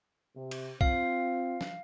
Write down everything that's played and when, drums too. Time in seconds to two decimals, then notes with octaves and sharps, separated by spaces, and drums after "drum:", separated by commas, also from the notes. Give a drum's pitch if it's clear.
0.35 C3
0.51 drum: cymbal
0.81 C4 F4 F5, drum: kick
1.61 drum: snare